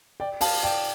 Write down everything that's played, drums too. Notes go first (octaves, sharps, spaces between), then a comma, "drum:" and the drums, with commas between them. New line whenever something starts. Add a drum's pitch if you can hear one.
D5 G5
F5 A5, drum: open hi-hat
D5 G5